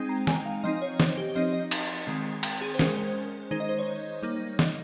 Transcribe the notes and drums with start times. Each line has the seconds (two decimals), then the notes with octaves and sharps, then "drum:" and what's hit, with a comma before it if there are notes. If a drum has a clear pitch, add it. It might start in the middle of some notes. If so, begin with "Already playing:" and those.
Already playing: G#3 C4 D#4 G5
0.09 A#5
0.27 G#5, drum: snare
0.45 F5
0.64 F3 C4 D#4 D#5
0.82 C#5
1.00 C5, drum: snare
1.17 G4
1.35 F3 C4 D#4 D#5
1.53 D#5
1.71 drum: cymbal
2.07 D#3 G#3 C4
2.43 G5, drum: cymbal
2.61 G#4
2.74 C5
2.79 G#3 C#4 A#4, drum: snare
2.97 C5
3.51 D#3 G#3 D#4 C5
3.60 D#5
3.69 C5
3.79 C#5
4.23 G3 A#3 D#4
4.59 D#5, drum: snare